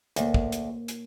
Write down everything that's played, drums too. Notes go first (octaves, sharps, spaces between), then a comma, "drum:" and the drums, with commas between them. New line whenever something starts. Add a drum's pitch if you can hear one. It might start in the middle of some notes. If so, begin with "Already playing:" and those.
D2 A#3 C#5, drum: hi-hat
drum: kick
drum: hi-hat
drum: hi-hat